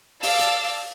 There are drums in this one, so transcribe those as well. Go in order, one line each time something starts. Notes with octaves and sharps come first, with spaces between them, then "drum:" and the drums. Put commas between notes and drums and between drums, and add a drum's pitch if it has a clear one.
D5 F5 A5 D6 E6, drum: open hi-hat
drum: hi-hat